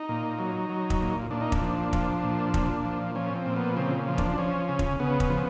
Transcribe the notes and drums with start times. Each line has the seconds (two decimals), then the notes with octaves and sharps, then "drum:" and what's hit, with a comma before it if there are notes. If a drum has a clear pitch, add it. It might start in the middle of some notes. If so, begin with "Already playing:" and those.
Already playing: D#4
0.09 A#2
0.39 F#3
0.69 F#3
0.90 drum: kick
1.01 A#2
1.31 A#2 D4
1.41 D#4
1.52 D4, drum: kick
1.62 F3
1.93 F3, drum: kick
2.23 A#2
2.54 A#2, drum: kick
2.85 F3
3.15 F3 C#4
3.36 C4
3.46 A#2
3.56 B3
3.77 C#3 C4
4.08 F3
4.18 D4, drum: kick
4.38 F3 C#4
4.69 C#3
4.79 drum: kick
4.99 C#3 B3
5.20 drum: kick
5.30 F3